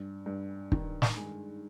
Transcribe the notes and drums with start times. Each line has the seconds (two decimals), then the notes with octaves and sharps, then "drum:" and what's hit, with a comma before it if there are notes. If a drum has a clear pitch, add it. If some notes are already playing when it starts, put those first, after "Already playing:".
Already playing: G2
0.26 G2
0.72 D#3, drum: kick
1.02 drum: snare
1.17 G#3